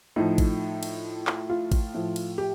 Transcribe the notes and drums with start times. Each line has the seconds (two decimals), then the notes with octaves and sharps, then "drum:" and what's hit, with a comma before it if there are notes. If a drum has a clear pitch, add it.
0.16 A2 F3 D#4
0.38 drum: kick A1, cymbal
0.83 drum: cymbal
1.27 drum: clap
1.50 F4
1.72 drum: kick A1, cymbal
1.94 A2 F3
2.16 drum: cymbal
2.38 G4